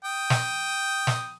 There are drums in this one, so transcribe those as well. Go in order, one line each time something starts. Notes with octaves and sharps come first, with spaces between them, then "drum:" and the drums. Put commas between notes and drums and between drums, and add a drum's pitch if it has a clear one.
G5 D#6
drum: snare
drum: snare